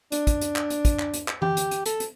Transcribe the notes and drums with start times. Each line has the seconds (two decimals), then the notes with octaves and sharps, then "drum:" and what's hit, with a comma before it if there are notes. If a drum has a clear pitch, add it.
0.12 D4, drum: hi-hat
0.27 drum: kick, hi-hat
0.41 drum: hi-hat
0.56 drum: clap
0.70 drum: hi-hat
0.85 drum: kick, hi-hat
0.99 drum: clap
1.14 drum: hi-hat
1.28 drum: clap
1.42 G4, drum: tom E3
1.57 drum: hi-hat
1.71 drum: hi-hat
1.86 A4, drum: hi-hat
2.00 drum: hi-hat